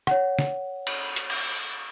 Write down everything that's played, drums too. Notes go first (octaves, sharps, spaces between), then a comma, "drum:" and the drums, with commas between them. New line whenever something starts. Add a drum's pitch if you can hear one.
C#5 F#5, drum: rim click
drum: snare
drum: cymbal
drum: hi-hat
drum: cymbal